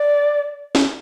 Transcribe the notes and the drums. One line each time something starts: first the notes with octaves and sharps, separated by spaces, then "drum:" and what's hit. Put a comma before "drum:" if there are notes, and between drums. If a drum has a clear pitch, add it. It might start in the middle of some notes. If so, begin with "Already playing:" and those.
Already playing: D5
drum: snare